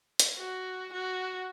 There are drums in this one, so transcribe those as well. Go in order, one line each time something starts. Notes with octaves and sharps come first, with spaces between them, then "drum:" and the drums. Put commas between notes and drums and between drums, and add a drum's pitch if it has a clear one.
drum: hi-hat
F#4
F#4